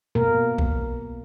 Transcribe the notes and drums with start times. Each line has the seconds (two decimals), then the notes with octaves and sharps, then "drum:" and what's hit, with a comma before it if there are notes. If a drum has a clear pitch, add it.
0.15 B2 A#3 A#4
0.58 drum: kick B1